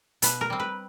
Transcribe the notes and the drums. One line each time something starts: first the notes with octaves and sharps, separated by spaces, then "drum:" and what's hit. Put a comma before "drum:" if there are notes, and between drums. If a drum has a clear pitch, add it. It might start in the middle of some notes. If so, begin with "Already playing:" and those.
B2 B4, drum: hi-hat
A#4
G3 C4
B4